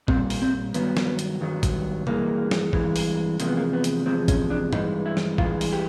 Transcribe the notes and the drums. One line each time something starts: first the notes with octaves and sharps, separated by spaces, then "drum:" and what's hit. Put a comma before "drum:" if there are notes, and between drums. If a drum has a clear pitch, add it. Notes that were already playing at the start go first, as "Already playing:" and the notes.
A#2 G3 C4, drum: kick A1
drum: open hi-hat
C4
G2 D#3 F#3 B3, drum: hi-hat
drum: snare
drum: hi-hat
G2 D#3 F#3
drum: kick A1, hi-hat
G2 E3 G#3 A#3, drum: tom B2
drum: snare
G2 E3 G#3, drum: kick A1
drum: open hi-hat
E2 C3 F3 G#3 A#3, drum: hi-hat
B3
A#3
B3
drum: hi-hat
E2 C3 F3 G#3 C4
C#4, drum: kick A1, hi-hat
D4
G2 E3 G#3 D#4, drum: tom G2
E4
drum: snare
G2 E3 G#3 F4, drum: kick A1
drum: open hi-hat
G4